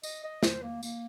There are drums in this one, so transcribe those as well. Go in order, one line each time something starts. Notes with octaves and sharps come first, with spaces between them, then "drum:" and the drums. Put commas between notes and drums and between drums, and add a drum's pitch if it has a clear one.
D#5, drum: tambourine
D#5
C5, drum: snare
A#3
A#3, drum: tambourine